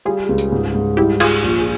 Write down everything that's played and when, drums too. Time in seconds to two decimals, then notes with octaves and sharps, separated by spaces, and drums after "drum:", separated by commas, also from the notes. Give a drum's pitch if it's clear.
0.05 G3 F4 G#4
0.29 C#2
0.38 drum: tambourine
0.52 G#2
0.74 G#2
0.97 G3 E4 G4
1.20 G3 F4 G#4, drum: cymbal
1.43 A#1